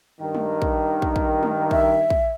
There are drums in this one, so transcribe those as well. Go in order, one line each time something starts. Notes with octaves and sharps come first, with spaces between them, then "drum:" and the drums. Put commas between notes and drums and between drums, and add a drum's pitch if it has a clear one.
G2 D#3
drum: tom G#3
drum: kick
drum: kick
drum: kick
drum: tom G#3
E5, drum: kick
drum: kick